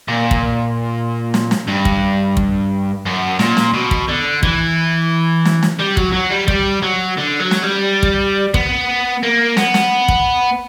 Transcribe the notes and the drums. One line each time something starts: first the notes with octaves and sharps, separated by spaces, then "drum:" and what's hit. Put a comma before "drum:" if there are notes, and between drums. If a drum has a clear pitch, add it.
A#2
drum: kick
drum: snare
drum: snare
G2
drum: kick
drum: kick
F#2
A#2, drum: snare
drum: snare
B2
drum: kick
D3
E3, drum: kick
drum: snare
drum: snare
G3
F#3, drum: kick
F#3
G3
G3, drum: kick
F#3
D3
F#3
drum: snare
G3
drum: kick
B3, drum: kick
A#3
B3, drum: snare
drum: snare
drum: kick